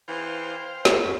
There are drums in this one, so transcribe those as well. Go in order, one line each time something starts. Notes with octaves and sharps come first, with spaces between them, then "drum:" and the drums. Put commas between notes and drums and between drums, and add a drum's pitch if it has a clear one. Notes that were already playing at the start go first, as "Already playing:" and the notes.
E3 C5 F5 G5
D#2, drum: snare
F#2 C#4 B4